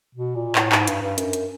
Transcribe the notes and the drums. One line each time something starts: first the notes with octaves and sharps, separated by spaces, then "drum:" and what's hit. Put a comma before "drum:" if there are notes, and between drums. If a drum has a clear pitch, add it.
B2
A#2
A2, drum: clap
G#2, drum: clap
G2, drum: hi-hat
G2
F#2, drum: hi-hat
drum: hi-hat